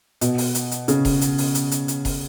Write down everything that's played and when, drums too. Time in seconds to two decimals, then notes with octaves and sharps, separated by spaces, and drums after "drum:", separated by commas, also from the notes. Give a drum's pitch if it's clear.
0.21 B2, drum: hi-hat
0.38 drum: open hi-hat
0.55 drum: hi-hat
0.71 drum: hi-hat
0.88 C#3, drum: hi-hat
1.05 drum: kick F1, open hi-hat
1.21 drum: hi-hat
1.38 drum: open hi-hat
1.55 drum: hi-hat
1.71 drum: hi-hat
1.88 drum: hi-hat
2.05 drum: kick F1, open hi-hat